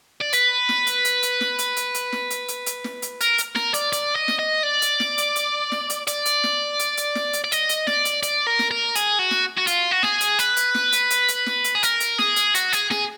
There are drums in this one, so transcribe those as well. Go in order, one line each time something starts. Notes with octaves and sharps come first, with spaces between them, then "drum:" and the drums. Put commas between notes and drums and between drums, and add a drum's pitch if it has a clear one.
D5
B4, drum: hi-hat
drum: snare
drum: hi-hat
drum: hi-hat
drum: hi-hat
drum: snare
drum: hi-hat
drum: hi-hat
drum: hi-hat
drum: snare
drum: hi-hat
drum: hi-hat
drum: hi-hat
drum: snare
drum: hi-hat
A#4, drum: hi-hat
drum: hi-hat
A#4, drum: snare
D5, drum: hi-hat
D5, drum: hi-hat
D#5
drum: snare
D#5
D5
drum: hi-hat
drum: snare
drum: hi-hat
drum: hi-hat
drum: snare
drum: hi-hat
D5, drum: hi-hat
drum: hi-hat
drum: snare
drum: hi-hat
drum: hi-hat
drum: snare
drum: hi-hat
D5
D#5, drum: hi-hat
drum: hi-hat
D5, drum: snare
drum: hi-hat
D5, drum: hi-hat
A#4
drum: snare
A#4
G#4, drum: hi-hat
F#4
drum: snare
F#4
F4, drum: hi-hat
F#4
G#4, drum: snare
drum: hi-hat
B4, drum: hi-hat
drum: hi-hat
drum: snare
drum: hi-hat
drum: hi-hat
drum: hi-hat
drum: snare
drum: hi-hat
G#4
A#4, drum: hi-hat
drum: hi-hat
G#4, drum: snare
drum: hi-hat
F#4, drum: hi-hat
G#4, drum: hi-hat
G#4, drum: snare